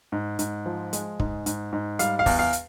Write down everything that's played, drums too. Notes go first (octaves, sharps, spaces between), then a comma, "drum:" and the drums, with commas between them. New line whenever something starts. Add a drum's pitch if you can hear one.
G#2
G#2, drum: hi-hat
F3
G#3, drum: hi-hat
G#2, drum: kick
G#2, drum: hi-hat
G#2
G3 F5, drum: hi-hat
F5
E2, drum: kick, open hi-hat
F5
drum: hi-hat